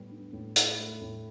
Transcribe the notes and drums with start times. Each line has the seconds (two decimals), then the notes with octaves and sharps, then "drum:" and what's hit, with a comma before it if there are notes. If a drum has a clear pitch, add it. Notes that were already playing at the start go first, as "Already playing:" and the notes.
Already playing: A2 G3 B3
0.11 D4
0.33 A2
0.56 E4, drum: hi-hat
0.79 A3
1.02 A2